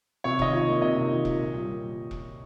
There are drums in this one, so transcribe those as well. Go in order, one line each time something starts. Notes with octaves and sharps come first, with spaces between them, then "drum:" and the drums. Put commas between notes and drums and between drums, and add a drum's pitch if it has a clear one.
C3 C#5
D#3 D#5, drum: kick E1
F4 C#5
A#3
C3 D#5
D#3
F4
A#3, drum: kick E1
A#2
G3
A#2
drum: kick E1